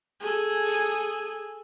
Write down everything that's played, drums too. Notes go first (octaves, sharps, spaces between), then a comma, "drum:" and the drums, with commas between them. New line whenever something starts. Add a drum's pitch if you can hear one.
G#4 A4
drum: open hi-hat